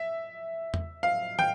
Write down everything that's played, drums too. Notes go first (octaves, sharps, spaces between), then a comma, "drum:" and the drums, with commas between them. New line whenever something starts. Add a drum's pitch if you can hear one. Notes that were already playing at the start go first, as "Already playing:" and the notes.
Already playing: E5
drum: tom E2
F5
G5, drum: tom